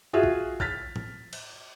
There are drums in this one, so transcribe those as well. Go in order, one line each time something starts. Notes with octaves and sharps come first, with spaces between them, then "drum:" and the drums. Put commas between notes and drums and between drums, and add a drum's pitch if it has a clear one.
F4 F#4 G#4 E5
drum: kick A#1
F6 A6 B6, drum: kick A#1
drum: tom A2
drum: cymbal